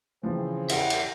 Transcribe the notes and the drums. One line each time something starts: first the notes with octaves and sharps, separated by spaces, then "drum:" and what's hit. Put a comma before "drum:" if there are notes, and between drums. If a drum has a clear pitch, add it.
C#3 E3 F3 C4
E4 D5 E5 F#5, drum: cymbal
drum: cymbal